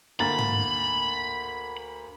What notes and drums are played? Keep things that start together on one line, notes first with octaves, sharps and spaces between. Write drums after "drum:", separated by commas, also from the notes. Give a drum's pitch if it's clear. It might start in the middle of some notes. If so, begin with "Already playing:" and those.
D2 A#3 B5 A6
drum: tom